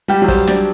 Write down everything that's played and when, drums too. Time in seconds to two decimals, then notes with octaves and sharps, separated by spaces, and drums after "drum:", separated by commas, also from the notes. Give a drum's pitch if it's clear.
0.08 G3 G4
0.22 F#3
0.28 C5, drum: kick, open hi-hat
0.47 D4, drum: snare